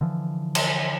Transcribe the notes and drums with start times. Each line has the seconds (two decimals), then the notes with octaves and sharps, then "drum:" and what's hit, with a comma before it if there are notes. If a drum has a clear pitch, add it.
0.01 D3 E3 F3
0.55 drum: cymbal